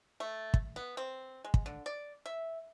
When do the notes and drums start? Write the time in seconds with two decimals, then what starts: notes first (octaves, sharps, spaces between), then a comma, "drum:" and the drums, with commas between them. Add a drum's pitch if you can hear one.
0.20 A3
0.54 drum: kick
0.76 B3
0.97 C4
1.44 G#3
1.54 drum: kick
1.66 D3
1.86 D5
2.26 E5